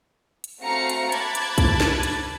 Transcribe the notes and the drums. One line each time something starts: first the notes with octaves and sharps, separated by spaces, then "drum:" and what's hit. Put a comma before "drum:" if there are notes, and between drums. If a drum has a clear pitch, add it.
drum: hi-hat
A3 C4 F#4 F5 A#5 C#7
drum: hi-hat
A5 B5 D6 F#6 G#6 A6, drum: hi-hat
drum: hi-hat
drum: kick B1, hi-hat
drum: snare
drum: hi-hat